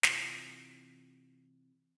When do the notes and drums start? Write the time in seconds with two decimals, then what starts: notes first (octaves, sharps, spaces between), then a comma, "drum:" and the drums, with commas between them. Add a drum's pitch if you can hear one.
0.03 C3 E3 F4 G4 G#5, drum: snare